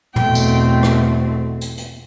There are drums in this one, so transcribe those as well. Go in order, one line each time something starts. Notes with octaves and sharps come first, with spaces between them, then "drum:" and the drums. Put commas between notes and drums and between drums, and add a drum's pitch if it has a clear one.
E2 B2 A3 C4 G5, drum: tom
drum: tambourine
drum: rim click
drum: hi-hat
drum: hi-hat